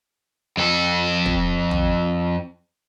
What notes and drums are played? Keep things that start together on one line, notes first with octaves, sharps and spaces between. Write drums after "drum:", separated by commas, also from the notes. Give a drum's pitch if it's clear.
F2 A4
drum: kick
drum: tom